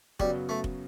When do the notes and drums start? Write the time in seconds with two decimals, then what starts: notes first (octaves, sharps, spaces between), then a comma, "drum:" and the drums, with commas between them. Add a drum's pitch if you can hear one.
0.19 F#2 C#3 F#3 G3 B3 F#4, drum: kick F1
0.49 A3
0.64 drum: kick F1